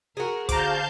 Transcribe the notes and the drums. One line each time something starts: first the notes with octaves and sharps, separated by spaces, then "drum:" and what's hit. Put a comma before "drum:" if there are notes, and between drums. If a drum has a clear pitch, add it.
F#4 G#4 A#4
D3 C5 F5 A5 A#5 D6 G6, drum: kick, hi-hat